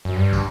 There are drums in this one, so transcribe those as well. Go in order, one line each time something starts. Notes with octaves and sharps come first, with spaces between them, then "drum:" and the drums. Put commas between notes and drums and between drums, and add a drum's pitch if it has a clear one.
F#2
G2
drum: kick, tambourine